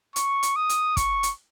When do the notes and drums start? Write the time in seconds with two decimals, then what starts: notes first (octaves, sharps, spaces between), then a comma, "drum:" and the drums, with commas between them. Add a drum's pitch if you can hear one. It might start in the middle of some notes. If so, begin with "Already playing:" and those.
0.16 C#6, drum: hi-hat
0.43 drum: hi-hat
0.56 D#6
0.69 drum: hi-hat
0.97 C#6, drum: kick, hi-hat
1.23 drum: hi-hat